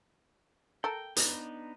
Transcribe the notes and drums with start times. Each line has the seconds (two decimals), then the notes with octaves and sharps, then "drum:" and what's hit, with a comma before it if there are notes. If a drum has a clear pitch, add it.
0.84 A4 A#4 G5
1.16 B3 D4 D#4, drum: hi-hat